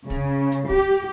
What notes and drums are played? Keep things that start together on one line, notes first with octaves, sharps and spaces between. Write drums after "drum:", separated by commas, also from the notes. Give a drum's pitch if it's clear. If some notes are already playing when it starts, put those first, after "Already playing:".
C#3, drum: kick, open hi-hat
drum: hi-hat
G4, drum: kick
drum: open hi-hat